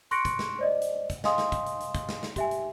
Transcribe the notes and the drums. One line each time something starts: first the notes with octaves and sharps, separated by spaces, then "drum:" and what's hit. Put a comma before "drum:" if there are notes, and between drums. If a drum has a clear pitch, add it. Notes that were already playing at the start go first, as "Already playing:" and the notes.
C6 C#6 F#6 A#6 C#7 D7, drum: hi-hat
drum: kick, hi-hat
drum: snare
C5 D5 D#5
drum: hi-hat
drum: kick, hi-hat
D#5 F5 G#5 C6 D#6, drum: snare
drum: snare
drum: kick, hi-hat
drum: hi-hat
drum: hi-hat
drum: kick, hi-hat
drum: snare
drum: snare
G4 E5 G#5, drum: kick, hi-hat
drum: hi-hat